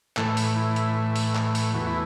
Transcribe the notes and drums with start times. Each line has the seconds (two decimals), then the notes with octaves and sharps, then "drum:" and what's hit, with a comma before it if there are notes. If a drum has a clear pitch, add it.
0.17 A2 E3 A3 A4, drum: clap
0.37 drum: open hi-hat
0.56 E4
0.76 drum: hi-hat
1.16 drum: open hi-hat
1.35 drum: clap
1.55 drum: open hi-hat
1.74 E2 E3 A3 F#4
1.87 E4